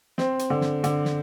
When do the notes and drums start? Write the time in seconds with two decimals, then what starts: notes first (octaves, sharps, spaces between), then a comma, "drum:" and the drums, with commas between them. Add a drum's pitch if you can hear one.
0.18 C4, drum: snare
0.39 drum: hi-hat
0.50 D3
0.61 drum: snare
0.84 D3, drum: hi-hat
1.05 drum: snare